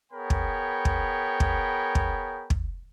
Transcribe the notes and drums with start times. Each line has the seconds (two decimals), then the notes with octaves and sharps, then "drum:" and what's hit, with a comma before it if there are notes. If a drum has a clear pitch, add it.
0.12 B3 G#4 A#4 C#5 G5 B5
0.30 drum: kick
0.85 drum: kick
1.40 drum: kick
1.95 drum: kick
2.50 drum: kick